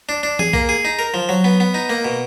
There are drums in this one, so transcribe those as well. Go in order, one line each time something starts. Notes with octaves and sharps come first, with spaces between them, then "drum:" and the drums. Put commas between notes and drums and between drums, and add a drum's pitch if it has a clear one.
D4
D4
G#4, drum: tom E3
A#3, drum: kick
G#4
D#4
A#4
F3
F#3
B3
B3
D#4
A#3
B2